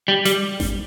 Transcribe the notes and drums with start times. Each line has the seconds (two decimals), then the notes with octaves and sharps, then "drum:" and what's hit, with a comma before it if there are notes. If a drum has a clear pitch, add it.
0.08 G3
0.25 G3, drum: hi-hat
0.60 drum: snare G#1